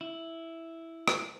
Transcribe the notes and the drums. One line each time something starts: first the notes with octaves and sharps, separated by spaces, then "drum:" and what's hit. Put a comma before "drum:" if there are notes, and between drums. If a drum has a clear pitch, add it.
E4
drum: rim click